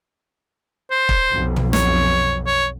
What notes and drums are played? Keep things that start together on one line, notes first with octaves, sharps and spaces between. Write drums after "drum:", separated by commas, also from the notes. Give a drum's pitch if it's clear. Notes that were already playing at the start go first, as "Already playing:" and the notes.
C5
drum: kick
B1 F2 B2
drum: tom
C#5, drum: snare
C#5